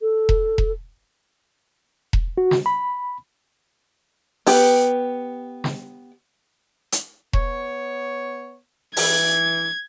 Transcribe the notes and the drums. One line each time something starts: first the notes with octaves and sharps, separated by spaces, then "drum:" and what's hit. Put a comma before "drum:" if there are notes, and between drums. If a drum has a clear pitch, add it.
A4
drum: kick E1
drum: kick E1
drum: kick E1
F#4
drum: snare
B5
B3 G4, drum: open hi-hat
drum: snare
drum: hi-hat
B3 C#5, drum: kick E1
E3 G#6, drum: open hi-hat